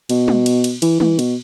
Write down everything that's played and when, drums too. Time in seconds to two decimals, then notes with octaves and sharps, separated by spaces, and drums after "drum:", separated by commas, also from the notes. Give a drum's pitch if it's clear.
0.09 B2, drum: cymbal
0.28 drum: tom G3
0.46 drum: cymbal
0.64 drum: cymbal
0.82 E3, drum: cymbal
1.00 E3, drum: tom G3
1.19 B2, drum: cymbal